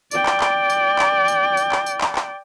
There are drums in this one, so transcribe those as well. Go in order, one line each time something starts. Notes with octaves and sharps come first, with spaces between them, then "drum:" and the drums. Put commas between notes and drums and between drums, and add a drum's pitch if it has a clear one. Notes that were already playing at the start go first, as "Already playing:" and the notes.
D5 G5, drum: tambourine
drum: clap
drum: clap
drum: tambourine
drum: clap
drum: tambourine
drum: tambourine
drum: clap
drum: tambourine
drum: clap
drum: clap